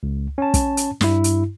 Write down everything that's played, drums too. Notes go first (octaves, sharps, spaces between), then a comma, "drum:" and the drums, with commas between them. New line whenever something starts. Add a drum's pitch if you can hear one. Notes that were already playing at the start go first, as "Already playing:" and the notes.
C#2
C#4 A5
drum: kick, hi-hat
drum: hi-hat
G2 E4, drum: snare
drum: hi-hat